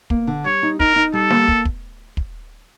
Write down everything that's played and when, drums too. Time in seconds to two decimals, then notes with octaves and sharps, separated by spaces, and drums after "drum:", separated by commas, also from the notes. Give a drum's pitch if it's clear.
0.10 A#3, drum: kick
0.27 D3
0.45 G3 C#5
0.63 D#4
0.80 D#4 A#4, drum: kick
0.96 D#4
1.13 G3 A4
1.30 A#3, drum: snare
1.48 drum: kick
1.65 drum: kick
2.17 drum: kick